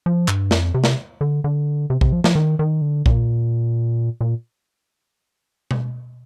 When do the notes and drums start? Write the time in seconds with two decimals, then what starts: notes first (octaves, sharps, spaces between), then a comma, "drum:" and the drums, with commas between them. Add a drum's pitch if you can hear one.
0.06 F3
0.28 G2, drum: clap
0.51 F2, drum: snare
0.74 C3
0.84 drum: snare
1.21 D3
1.44 D3
1.90 C3
2.01 C3, drum: kick A#1
2.12 F3
2.24 F3, drum: snare
2.35 D#3
2.59 D#3
2.82 D3
3.06 A#2, drum: kick A#1
4.21 A#2
5.71 drum: tom B2